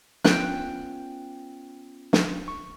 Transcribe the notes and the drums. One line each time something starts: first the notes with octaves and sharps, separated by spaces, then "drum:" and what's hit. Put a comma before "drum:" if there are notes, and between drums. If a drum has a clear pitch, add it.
B3 C#4 F4 G5 F#6, drum: snare
drum: snare
C#6